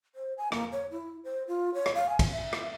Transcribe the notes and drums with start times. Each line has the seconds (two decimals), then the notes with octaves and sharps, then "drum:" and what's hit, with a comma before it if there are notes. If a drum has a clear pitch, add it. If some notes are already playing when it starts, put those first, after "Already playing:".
0.15 C5
0.38 G#5
0.52 A#3, drum: rim click
0.72 C#5
0.91 E4
1.24 C5
1.48 F4
1.74 C#5
1.86 drum: rim click
1.95 F5
2.09 G#5
2.19 drum: kick, cymbal
2.31 E5
2.53 drum: rim click